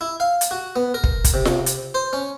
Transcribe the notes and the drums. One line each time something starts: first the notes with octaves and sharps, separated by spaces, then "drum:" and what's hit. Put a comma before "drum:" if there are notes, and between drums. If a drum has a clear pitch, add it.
E4
F5
drum: hi-hat
F#4
B3
A#4
drum: kick
drum: kick, hi-hat
C3
drum: snare F4
drum: hi-hat
C5
C#4